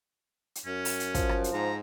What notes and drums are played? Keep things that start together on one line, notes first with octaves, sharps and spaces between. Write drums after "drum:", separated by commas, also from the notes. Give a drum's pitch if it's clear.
drum: hi-hat
F#2 C#4
drum: open hi-hat
drum: hi-hat
F3, drum: kick, hi-hat
drum: rim click
drum: hi-hat
G#2 A#5